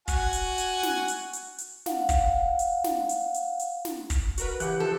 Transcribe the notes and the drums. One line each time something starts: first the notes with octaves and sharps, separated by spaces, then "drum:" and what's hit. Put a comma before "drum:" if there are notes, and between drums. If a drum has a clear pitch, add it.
F#4 G#5, drum: kick, hi-hat
drum: hi-hat
drum: hi-hat
drum: snare
drum: hi-hat
drum: hi-hat
drum: hi-hat
F5 F#5, drum: snare
drum: kick, hi-hat
drum: hi-hat
drum: snare
drum: hi-hat
drum: hi-hat
drum: hi-hat
drum: snare
drum: kick, hi-hat
F#4 A#4 B4, drum: hi-hat
C#3 E3 G4 F#5 F#6, drum: hi-hat
F3 A4